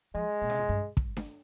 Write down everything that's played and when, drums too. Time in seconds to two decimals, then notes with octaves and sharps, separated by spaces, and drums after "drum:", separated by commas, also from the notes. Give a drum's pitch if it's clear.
0.15 F3 G#3
0.42 A#2
0.50 C3
0.58 A#2
0.69 G2
0.97 G2, drum: kick
1.17 drum: snare D4